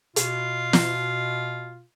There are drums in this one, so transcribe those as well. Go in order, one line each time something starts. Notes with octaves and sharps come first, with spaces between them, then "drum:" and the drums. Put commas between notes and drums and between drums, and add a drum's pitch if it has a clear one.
B2 F4, drum: hi-hat
drum: snare